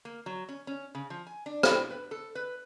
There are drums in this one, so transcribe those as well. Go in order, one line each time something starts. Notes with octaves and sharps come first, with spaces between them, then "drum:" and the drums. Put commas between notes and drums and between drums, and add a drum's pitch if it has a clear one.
A#3
F#3
C#4
C#4
C#3
F3
G#5
D4
E4, drum: rim click
B4
A4
B4